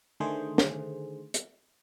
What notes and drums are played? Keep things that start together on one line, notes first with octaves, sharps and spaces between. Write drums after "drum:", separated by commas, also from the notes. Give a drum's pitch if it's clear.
D3 D#3 A3 G#4 C5
drum: snare
drum: hi-hat